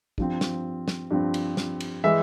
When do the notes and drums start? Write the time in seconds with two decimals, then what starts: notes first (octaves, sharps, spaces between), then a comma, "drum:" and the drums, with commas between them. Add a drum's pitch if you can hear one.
0.18 G2 F3 C4, drum: kick
0.41 drum: snare
0.88 drum: snare
1.11 G2 F3 C4
1.34 drum: cymbal
1.57 drum: snare
1.80 drum: cymbal
2.04 E3 G#3 E5